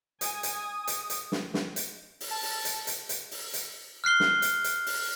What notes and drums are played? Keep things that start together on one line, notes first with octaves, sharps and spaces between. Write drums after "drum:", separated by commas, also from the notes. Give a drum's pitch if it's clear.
G#5 D#6, drum: hi-hat
drum: hi-hat
drum: hi-hat
drum: hi-hat
drum: snare
drum: snare
drum: hi-hat
drum: open hi-hat
A5
drum: open hi-hat
drum: hi-hat
drum: hi-hat
drum: hi-hat
drum: open hi-hat
drum: hi-hat
F6 F#6 C7 G7
drum: snare
drum: hi-hat
drum: hi-hat
drum: open hi-hat